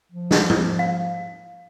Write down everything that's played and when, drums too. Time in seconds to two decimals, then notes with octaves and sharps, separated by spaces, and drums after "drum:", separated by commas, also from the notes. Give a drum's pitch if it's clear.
0.12 F3
0.31 drum: snare
0.49 drum: tom
0.79 F5